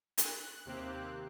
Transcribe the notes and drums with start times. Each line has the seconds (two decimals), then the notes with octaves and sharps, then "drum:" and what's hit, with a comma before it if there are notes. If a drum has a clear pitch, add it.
0.18 F#6, drum: hi-hat
0.65 D#2 C3 A#3 C4 G4 F#6